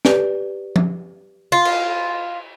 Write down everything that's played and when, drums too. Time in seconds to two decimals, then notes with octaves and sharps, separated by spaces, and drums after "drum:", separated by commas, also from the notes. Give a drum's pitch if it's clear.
0.05 G4 B4 D5, drum: snare
0.76 drum: tom F3
1.52 F4
1.65 drum: cymbal